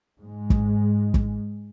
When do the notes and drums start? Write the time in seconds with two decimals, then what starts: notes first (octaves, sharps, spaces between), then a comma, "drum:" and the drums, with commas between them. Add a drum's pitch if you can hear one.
0.18 G#2 G#3
0.50 drum: kick
1.14 drum: kick